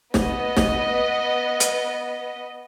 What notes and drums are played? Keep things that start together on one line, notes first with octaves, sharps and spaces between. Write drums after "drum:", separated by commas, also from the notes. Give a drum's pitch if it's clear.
B3 D#5, drum: snare
drum: snare
drum: hi-hat